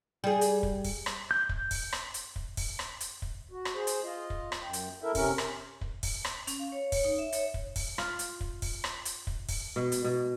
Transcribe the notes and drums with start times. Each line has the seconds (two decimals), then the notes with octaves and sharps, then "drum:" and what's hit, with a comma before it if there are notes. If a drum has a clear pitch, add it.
0.24 G3 G#4
0.41 drum: hi-hat
0.63 drum: kick
0.84 drum: kick, open hi-hat
1.06 drum: rim click
1.31 G6
1.49 drum: kick
1.71 drum: kick, open hi-hat
1.92 drum: rim click
2.14 drum: hi-hat
2.36 drum: kick
2.57 drum: kick, open hi-hat
2.79 drum: rim click
3.00 drum: hi-hat
3.22 drum: kick
3.51 F#4
3.65 drum: rim click
3.75 G#4 C5
3.87 drum: hi-hat
4.04 F4 D#5
4.30 drum: kick
4.52 drum: rim click
4.63 F#2 G5
4.73 drum: hi-hat
5.02 E4 A4 A#4 E5
5.15 C3 C#4 A#4, drum: kick, open hi-hat
5.38 drum: rim click
5.81 drum: kick
6.03 drum: kick, open hi-hat
6.25 drum: rim click
6.47 C#4, drum: hi-hat
6.59 F5
6.72 C#5
6.92 C#5, drum: kick, open hi-hat
7.04 D#4
7.19 E5
7.33 C#5, drum: hi-hat
7.54 drum: kick
7.76 drum: kick, open hi-hat
7.98 F4, drum: rim click
8.19 drum: hi-hat
8.41 drum: kick
8.62 drum: kick, open hi-hat
8.84 drum: rim click
9.05 drum: hi-hat
9.27 drum: kick
9.49 drum: kick, open hi-hat
9.76 B2
9.92 drum: hi-hat
10.04 B2